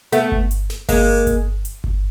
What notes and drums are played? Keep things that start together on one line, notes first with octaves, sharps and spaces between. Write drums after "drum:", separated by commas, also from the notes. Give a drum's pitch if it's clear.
A3 B3, drum: hi-hat
drum: kick G1
drum: hi-hat
drum: snare
G#3 A#3, drum: kick G1, open hi-hat
drum: kick G1, hi-hat
drum: hi-hat
drum: kick G1